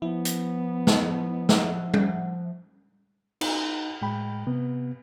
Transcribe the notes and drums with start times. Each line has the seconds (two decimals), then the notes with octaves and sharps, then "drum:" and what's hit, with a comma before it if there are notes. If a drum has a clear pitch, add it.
0.02 F3 B3 E4
0.25 drum: hi-hat
0.87 drum: snare
1.49 E5 F#5, drum: snare
1.94 drum: tom G3
3.41 D#4, drum: cymbal
4.02 A2 G#3 G5 B5
4.47 C3 B3